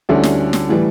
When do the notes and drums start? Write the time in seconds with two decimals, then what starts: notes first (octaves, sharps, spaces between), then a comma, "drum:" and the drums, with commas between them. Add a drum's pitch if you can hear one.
0.09 D2 D3 G3 C#4 E4
0.23 drum: snare
0.53 drum: snare
0.69 A2 E3 G3